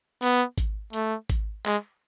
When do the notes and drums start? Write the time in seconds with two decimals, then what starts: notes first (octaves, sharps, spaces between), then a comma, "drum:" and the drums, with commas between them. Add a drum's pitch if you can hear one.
0.22 B3, drum: hi-hat
0.58 drum: kick G#1, hi-hat
0.93 A3, drum: hi-hat
1.30 drum: kick G#1, hi-hat
1.66 G#3, drum: clap